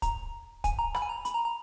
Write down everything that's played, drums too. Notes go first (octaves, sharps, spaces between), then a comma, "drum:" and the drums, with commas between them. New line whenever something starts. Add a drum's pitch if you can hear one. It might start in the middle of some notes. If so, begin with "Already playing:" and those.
A#5, drum: kick, hi-hat
G#5, drum: kick, hi-hat
A#5
B5, drum: rim click
G#5
A#5
B5, drum: hi-hat
A#5
A#5